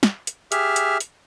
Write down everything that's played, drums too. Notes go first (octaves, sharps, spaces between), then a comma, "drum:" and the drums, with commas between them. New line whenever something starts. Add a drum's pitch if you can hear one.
drum: snare
drum: hi-hat
G4 G#4 E5 F6, drum: hi-hat
drum: hi-hat
drum: hi-hat